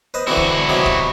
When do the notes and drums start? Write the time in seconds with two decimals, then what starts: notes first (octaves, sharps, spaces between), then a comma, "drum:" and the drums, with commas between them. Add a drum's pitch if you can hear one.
0.14 B4 C5 D#5
0.27 D3 E3 C4 E4 F#4
0.37 drum: kick
0.69 C3 D#3 F#3
0.86 drum: kick